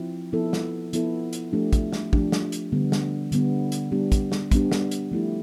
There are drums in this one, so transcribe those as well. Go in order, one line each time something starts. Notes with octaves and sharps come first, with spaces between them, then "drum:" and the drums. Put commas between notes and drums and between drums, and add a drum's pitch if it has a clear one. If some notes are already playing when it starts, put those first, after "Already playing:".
Already playing: F3 C4 E4
F3 B3 E4 A4
drum: snare
F3 B3 E4 A4, drum: hi-hat
drum: hi-hat
F3 A3 D4 G4
drum: kick, hi-hat
drum: snare
F3 A3 D4 G4, drum: kick
drum: snare
drum: hi-hat
D3 G3 B3
drum: snare
D3 G3 B3, drum: hi-hat
drum: hi-hat
G3 B3 D4 G4
drum: kick, hi-hat
drum: snare
G3 B3 D4 G4, drum: kick, hi-hat
drum: snare
drum: hi-hat
F3 A3 E4 G4